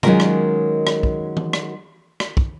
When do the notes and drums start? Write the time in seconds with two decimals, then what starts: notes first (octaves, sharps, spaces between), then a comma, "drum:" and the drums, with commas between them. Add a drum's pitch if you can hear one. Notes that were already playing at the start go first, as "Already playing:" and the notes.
0.03 D#3 F#3 G#3 C#4 F4 A#4, drum: tom C3
0.20 drum: rim click
0.87 drum: rim click
1.03 drum: kick
1.37 drum: tom
1.53 drum: rim click
2.20 drum: rim click
2.37 drum: kick